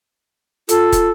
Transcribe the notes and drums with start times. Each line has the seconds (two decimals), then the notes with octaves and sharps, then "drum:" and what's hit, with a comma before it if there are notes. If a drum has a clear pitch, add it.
0.69 F4 A4, drum: hi-hat
0.92 drum: kick, hi-hat